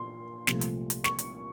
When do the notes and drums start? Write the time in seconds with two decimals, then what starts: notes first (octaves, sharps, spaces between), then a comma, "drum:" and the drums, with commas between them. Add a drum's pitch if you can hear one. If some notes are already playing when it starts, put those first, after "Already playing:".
Already playing: A#2 C6
0.47 C2 A#2 F3 A3, drum: snare
0.61 drum: hi-hat
0.90 drum: hi-hat
1.04 C#6, drum: snare
1.19 drum: hi-hat